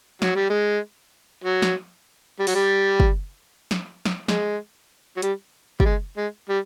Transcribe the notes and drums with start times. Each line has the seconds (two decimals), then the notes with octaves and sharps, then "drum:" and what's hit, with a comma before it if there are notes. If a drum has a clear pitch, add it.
0.22 F#3, drum: snare
0.36 G3
0.50 G#3
1.44 F#3
1.62 drum: snare
2.39 G3
2.47 F#3, drum: open hi-hat
2.55 G3
3.00 drum: kick
3.71 drum: snare
4.06 drum: snare
4.28 G#3, drum: snare
5.17 F#3
5.22 G3, drum: hi-hat
5.80 G3, drum: kick
5.85 G#3
6.17 G#3
6.49 G3